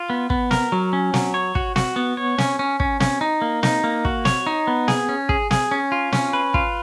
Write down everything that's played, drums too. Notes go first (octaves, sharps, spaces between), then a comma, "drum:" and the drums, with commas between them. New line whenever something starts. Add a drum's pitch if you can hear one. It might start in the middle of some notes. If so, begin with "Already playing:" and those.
Already playing: F4
B3
B3, drum: kick
A#4, drum: snare
F#3
C#4
F#3, drum: snare
C#5
F#4, drum: kick
F#4, drum: snare
B3
C#5
C#4, drum: snare
C#4
C#4, drum: kick
C#4, drum: snare
D#4
A#3
D#4, drum: snare
A#3
F#4, drum: kick
C#5, drum: snare
D#4
B3
G#4, drum: snare
C#4
G#4, drum: kick
G#4, drum: snare
C#4
F4
C#4, drum: snare
B4
F4, drum: kick